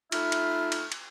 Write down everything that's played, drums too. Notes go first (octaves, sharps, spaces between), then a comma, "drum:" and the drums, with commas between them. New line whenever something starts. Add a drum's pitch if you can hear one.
A3 D#4 F4 E5 B5 F6, drum: cymbal
drum: cymbal
drum: cymbal
drum: cymbal